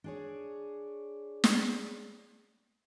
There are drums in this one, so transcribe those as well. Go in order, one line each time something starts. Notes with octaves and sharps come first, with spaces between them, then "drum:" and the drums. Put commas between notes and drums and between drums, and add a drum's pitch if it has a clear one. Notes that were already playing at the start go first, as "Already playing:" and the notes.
D4 G#4 C#5
drum: snare